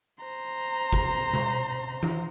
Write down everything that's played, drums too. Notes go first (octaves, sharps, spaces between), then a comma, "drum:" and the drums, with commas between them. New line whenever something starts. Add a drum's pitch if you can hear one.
C5 A#5
drum: kick G1
drum: tom B2
drum: tom E3